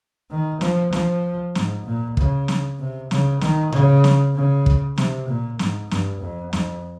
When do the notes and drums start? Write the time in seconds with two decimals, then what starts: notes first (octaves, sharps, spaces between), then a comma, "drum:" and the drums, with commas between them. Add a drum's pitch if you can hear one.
0.31 D#3
0.61 F3, drum: snare
0.92 F3, drum: snare
1.55 G#2, drum: snare
1.86 A#2
2.17 C#3, drum: kick
2.48 drum: snare
2.79 C3
3.11 C#3, drum: snare
3.41 D#3, drum: snare
3.72 C#3, drum: tom A2
4.04 drum: snare
4.35 C#3
4.66 drum: kick
4.97 C3, drum: snare
5.29 A#2
5.59 G#2, drum: snare
5.91 G2, drum: snare
6.22 F2
6.53 F2, drum: snare